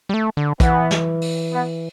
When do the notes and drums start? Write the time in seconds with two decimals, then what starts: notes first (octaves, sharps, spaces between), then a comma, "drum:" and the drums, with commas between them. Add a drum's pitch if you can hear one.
0.09 G3
0.14 A3
0.37 D3
0.60 E3 B3, drum: kick, hi-hat
0.91 drum: snare
1.21 drum: open hi-hat
1.52 B3